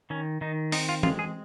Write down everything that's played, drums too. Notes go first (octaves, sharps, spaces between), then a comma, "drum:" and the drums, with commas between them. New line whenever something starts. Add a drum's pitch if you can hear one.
D#3 C#4
D#3 D#4
C4 D#4, drum: open hi-hat
F4
G#3 F4, drum: tom E3
G#4